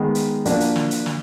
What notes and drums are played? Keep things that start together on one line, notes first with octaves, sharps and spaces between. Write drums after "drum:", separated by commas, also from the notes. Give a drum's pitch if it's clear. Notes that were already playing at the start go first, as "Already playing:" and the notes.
Already playing: D#3 G#3 B3
drum: hi-hat
A#2 F3 A#3 D4 F#4, drum: hi-hat
drum: hi-hat
drum: snare
drum: hi-hat
drum: snare